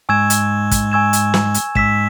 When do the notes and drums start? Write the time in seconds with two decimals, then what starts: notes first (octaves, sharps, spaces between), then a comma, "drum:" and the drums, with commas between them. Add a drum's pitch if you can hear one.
0.09 G#2 G#3 G#5 C#6 E6 G#6 E7
0.30 drum: hi-hat
0.71 drum: kick, hi-hat
0.92 G#5 C#6 E6 G#6 E7
1.13 drum: hi-hat
1.34 drum: snare
1.54 drum: hi-hat
1.75 G#2 G#3 E6 B6 E7, drum: kick